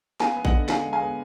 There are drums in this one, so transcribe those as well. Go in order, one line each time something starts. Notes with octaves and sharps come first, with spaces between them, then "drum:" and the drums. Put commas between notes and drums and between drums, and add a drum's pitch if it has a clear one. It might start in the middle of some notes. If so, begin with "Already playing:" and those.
B3 F5 G#5, drum: snare
B3
D#5 F#5, drum: kick A1
D3
D3 F5 G#5, drum: snare
G#3
F5 G#5
B3